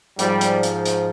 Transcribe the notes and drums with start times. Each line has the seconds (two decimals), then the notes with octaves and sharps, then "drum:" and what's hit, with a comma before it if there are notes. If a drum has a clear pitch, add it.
0.19 G#2 F3 G3, drum: hi-hat
0.41 drum: hi-hat
0.63 drum: hi-hat
0.85 drum: hi-hat